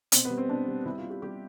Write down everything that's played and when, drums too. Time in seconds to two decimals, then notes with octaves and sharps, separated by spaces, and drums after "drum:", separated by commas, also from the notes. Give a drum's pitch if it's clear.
0.12 B2 C4, drum: hi-hat
0.25 B3
0.30 G3
0.38 C4
0.49 B2 D4
0.68 G3
0.86 G3 E4
0.98 F4
1.04 G3
1.10 G4
1.22 G3 G4